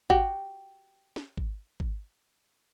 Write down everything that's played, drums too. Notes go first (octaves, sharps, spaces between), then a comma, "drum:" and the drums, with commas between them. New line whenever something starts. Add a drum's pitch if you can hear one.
F#4 G4, drum: kick G#1
drum: snare
drum: kick G#1
drum: kick G#1